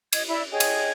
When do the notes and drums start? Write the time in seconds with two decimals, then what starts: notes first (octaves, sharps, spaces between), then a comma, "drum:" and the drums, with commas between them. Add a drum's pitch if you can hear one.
0.13 D#5 G#6, drum: cymbal
0.28 E4 D5 E5 B5
0.51 G#4 C#5 D#5 G5
0.60 drum: cymbal